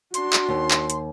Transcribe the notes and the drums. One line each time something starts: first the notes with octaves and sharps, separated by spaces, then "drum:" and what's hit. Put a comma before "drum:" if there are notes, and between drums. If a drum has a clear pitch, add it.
D4 F#4 C6, drum: hi-hat
drum: clap
D#2
drum: clap
drum: hi-hat